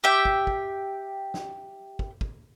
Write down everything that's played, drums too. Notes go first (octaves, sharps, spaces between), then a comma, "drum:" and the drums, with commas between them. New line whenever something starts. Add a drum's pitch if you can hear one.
G4 E5 G5
drum: kick
drum: kick
drum: snare
drum: kick
drum: kick